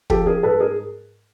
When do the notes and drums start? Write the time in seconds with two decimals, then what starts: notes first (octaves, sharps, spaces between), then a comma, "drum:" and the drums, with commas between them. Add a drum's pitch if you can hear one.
0.10 F3 G4 A4, drum: kick
0.27 G#4 A#4
0.43 G#2 A4 B4
0.60 G#4 A#4